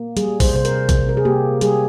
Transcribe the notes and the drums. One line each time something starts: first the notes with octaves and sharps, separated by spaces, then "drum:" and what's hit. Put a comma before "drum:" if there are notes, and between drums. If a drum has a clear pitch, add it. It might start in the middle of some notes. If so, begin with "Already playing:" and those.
Already playing: A#3
G3 G#4, drum: hi-hat
C5, drum: kick A#1, open hi-hat
C3 C5
A#4, drum: hi-hat
C3, drum: kick A#1, hi-hat
A#4
G#4
A#3 G4
G3 G#4, drum: hi-hat